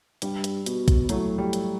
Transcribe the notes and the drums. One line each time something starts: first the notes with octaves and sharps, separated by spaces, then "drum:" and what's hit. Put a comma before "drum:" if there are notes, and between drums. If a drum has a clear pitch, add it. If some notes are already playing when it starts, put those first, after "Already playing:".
G2 G3, drum: hi-hat
drum: hi-hat
B2, drum: hi-hat
drum: kick, hi-hat
A2 F#3 A3, drum: hi-hat
G3
drum: hi-hat